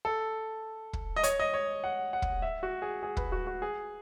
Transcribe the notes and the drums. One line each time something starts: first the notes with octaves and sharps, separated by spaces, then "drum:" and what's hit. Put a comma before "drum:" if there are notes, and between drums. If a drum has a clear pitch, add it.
A4
drum: kick
D#5
C#5, drum: hi-hat
D#5
C#5
F#5
F#5
drum: kick
E5
F#4
G#4
G#4
B4, drum: kick
F#4
F#4
G#4